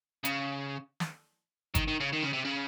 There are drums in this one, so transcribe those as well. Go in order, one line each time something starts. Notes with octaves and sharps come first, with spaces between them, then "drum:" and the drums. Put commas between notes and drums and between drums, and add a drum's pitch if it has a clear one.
C#3, drum: hi-hat
drum: snare
D#3, drum: kick G1, hi-hat
D#3
C#3
D#3
C#3
C3
C#3